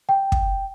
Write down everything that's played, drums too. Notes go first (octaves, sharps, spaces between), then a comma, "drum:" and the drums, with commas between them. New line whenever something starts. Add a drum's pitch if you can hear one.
G5
drum: kick